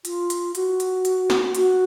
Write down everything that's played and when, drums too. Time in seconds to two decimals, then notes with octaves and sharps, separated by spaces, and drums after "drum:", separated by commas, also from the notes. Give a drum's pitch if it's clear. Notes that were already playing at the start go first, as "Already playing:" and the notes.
0.05 F4, drum: hi-hat
0.30 drum: hi-hat
0.55 F#4, drum: hi-hat
0.80 drum: hi-hat
1.05 drum: hi-hat
1.30 drum: snare
1.55 F#4, drum: hi-hat